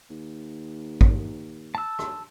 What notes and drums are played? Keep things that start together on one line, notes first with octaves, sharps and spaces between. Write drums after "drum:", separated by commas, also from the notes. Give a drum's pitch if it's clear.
D#2
drum: kick
A5 E6
drum: rim click